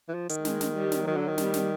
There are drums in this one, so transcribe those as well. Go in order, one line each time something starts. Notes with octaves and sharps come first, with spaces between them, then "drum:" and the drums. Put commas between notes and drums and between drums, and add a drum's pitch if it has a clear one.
E3
F3
D#3, drum: hi-hat
G#3, drum: snare
drum: snare
G3
drum: snare
D#3 F#3
D3
D#3
G3, drum: snare
drum: snare